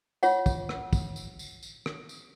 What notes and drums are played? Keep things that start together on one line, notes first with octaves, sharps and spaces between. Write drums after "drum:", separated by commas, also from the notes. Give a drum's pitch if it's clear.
F4 C#5 F#5, drum: tambourine
drum: kick, tambourine
drum: rim click
drum: kick, tambourine
drum: tambourine
drum: tambourine
drum: tambourine
drum: rim click
drum: tambourine